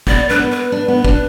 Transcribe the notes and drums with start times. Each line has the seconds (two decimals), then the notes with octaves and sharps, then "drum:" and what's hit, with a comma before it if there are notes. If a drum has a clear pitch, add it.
0.07 B3 D5, drum: kick
0.29 D4 B4
0.39 B3
0.51 B4
0.72 D4
0.88 B3
1.05 D4, drum: kick